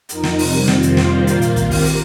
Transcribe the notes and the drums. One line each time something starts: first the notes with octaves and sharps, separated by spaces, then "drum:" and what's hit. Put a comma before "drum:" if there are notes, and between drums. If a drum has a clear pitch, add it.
F2 F3 D#4 A#4, drum: hi-hat
drum: snare
C3 G3 C4, drum: open hi-hat
F2 C3 D#3 C4 F4, drum: snare
drum: hi-hat
D#3 G3 A#3 F4 C5, drum: snare
A#2 A#3 F4, drum: hi-hat
drum: hi-hat
D#3 C4 G4 A#4, drum: kick, hi-hat
drum: kick, open hi-hat
drum: hi-hat